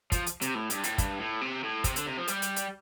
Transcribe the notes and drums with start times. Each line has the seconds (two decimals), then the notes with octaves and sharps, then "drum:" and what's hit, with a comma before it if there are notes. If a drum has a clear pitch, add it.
0.12 F3, drum: kick, hi-hat
0.26 drum: hi-hat
0.41 C3, drum: hi-hat
0.55 A2
0.70 G2, drum: hi-hat
0.84 A2, drum: hi-hat
0.98 G2, drum: kick, hi-hat
1.19 A2
1.41 C3
1.64 A2
1.84 C3, drum: kick, hi-hat
1.96 D3, drum: hi-hat
2.06 C3
2.17 F3
2.28 G3, drum: hi-hat
2.42 drum: hi-hat
2.56 drum: hi-hat